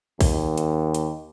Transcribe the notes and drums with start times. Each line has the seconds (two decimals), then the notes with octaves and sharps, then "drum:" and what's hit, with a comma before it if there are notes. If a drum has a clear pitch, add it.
0.21 D#2, drum: kick, open hi-hat
0.58 drum: hi-hat
0.95 drum: hi-hat